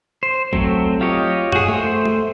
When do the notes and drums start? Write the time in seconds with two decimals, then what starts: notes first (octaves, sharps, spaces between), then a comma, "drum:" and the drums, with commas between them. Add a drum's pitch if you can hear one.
0.23 C5
0.53 F#3 A3 C4, drum: kick
1.01 F4 G4 C#5 D#5
1.52 F#4 G#4, drum: tom G2
1.68 A3 C5
2.05 drum: tom